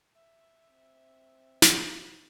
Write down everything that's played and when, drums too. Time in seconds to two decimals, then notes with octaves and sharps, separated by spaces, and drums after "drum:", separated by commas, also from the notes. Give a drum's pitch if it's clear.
0.15 E5
0.67 C4
1.62 drum: snare